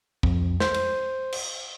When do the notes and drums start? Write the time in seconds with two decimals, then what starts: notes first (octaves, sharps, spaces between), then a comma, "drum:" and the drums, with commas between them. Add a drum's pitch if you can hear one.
0.23 F2, drum: kick
0.60 C5, drum: snare
0.74 drum: cymbal
1.33 drum: cymbal